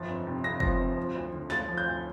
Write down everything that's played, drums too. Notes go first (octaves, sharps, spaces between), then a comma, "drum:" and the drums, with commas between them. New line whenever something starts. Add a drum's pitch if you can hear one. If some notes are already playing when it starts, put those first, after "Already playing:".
Already playing: G1 F3 A6
F2
C3
F2 A#6
F3 A#6, drum: kick
F2
F3
D2
D3
D2 A6, drum: snare
F3
G6
D2